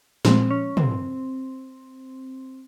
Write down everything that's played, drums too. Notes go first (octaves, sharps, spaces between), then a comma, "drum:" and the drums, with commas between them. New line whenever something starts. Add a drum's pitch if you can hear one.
A#2 F3 G#3 C4, drum: snare
C#4
C4, drum: tom